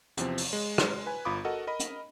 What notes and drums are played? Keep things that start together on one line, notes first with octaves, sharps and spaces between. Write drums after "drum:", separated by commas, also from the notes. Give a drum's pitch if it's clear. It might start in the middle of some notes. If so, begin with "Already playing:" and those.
E2 C3 F3 C4, drum: hi-hat
drum: open hi-hat
G#3
drum: rim click
B4 G#5
G1 F4 F5 B5 D6 D#6
F#4 A4 A#4 D#5 F#5
A#4 D#5 B5
drum: hi-hat